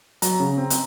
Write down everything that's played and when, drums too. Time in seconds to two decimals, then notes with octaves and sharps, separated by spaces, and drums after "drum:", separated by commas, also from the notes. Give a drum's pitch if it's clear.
0.22 F#3 A#5, drum: hi-hat
0.40 C#3
0.58 C4
0.70 drum: hi-hat